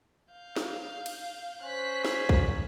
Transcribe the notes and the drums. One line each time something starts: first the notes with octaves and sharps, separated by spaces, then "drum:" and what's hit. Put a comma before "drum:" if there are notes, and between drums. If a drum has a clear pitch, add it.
F5 G6
drum: snare
drum: cymbal
C#4 C5 F#6 B6
drum: snare
drum: kick